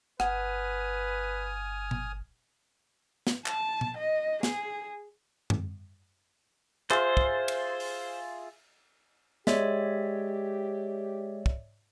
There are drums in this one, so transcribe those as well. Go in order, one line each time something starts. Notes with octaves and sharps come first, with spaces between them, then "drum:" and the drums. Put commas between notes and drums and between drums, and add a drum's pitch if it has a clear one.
G1 B4 F#5 G#5 D#6 F6, drum: rim click
drum: tom A#2
drum: snare
A5, drum: clap
drum: tom A#2
D#5
G#4, drum: snare
drum: tom F#2
F4 G#4 C5 E5, drum: clap
drum: kick
drum: cymbal
drum: open hi-hat
G#3 G4 C#5 D5 E5, drum: snare
drum: kick